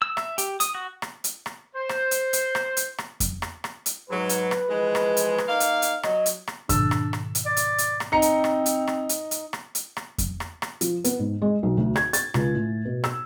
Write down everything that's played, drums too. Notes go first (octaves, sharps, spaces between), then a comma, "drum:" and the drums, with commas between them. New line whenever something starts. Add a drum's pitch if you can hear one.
E6
E5, drum: rim click
G4, drum: hi-hat
D#6, drum: hi-hat
F#4
drum: rim click
drum: hi-hat
drum: rim click
C5
drum: rim click
drum: hi-hat
drum: hi-hat
drum: rim click
drum: hi-hat
drum: rim click
drum: kick F2, hi-hat
drum: rim click
drum: rim click
drum: hi-hat
G#2 F#3 B4
drum: hi-hat
drum: rim click
E3 F3 G#3
drum: rim click
drum: hi-hat
drum: rim click
A#3 D#4 F5
drum: hi-hat
drum: hi-hat
F#3 D#5, drum: rim click
drum: hi-hat
drum: rim click
G#2 B2 D#3 D4 E6, drum: kick F2, hi-hat
drum: rim click
drum: rim click
drum: hi-hat
D5
drum: hi-hat
drum: hi-hat
drum: rim click
C4 D#4 A#5 C#7
drum: hi-hat
drum: rim click
drum: hi-hat
drum: rim click
drum: hi-hat
drum: hi-hat
drum: rim click
drum: hi-hat
drum: rim click
drum: kick F2, hi-hat
drum: rim click
drum: rim click
F3, drum: hi-hat
B3, drum: hi-hat
G#2
G#3
B1
D2
G#6, drum: rim click
A6, drum: hi-hat
C#2, drum: rim click
A2
B2
E6, drum: rim click